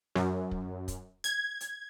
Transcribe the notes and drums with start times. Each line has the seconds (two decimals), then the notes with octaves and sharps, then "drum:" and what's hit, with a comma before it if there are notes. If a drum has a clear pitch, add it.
0.16 F#2, drum: snare
0.51 drum: kick
0.88 drum: kick, hi-hat
1.24 G#6, drum: hi-hat
1.60 drum: hi-hat